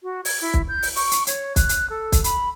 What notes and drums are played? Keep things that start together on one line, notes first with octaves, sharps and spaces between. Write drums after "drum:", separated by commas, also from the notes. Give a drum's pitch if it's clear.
F#4
G#6, drum: open hi-hat
E4
drum: kick
G6
drum: open hi-hat
C#6, drum: open hi-hat
drum: hi-hat
C#5, drum: hi-hat
F#6, drum: kick, hi-hat
drum: hi-hat
A4
drum: kick, hi-hat
B5, drum: hi-hat